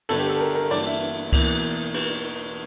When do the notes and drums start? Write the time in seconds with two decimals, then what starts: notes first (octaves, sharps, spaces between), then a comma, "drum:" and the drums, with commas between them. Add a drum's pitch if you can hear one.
0.09 G1 G2 D3 A4, drum: cymbal
0.19 G4
0.29 A4
0.40 A#4
0.55 A#4
0.71 G2 E3 A#3 D5, drum: cymbal
0.86 E5
1.33 E1 E2 E3 A#3, drum: kick C#2, cymbal
1.94 drum: cymbal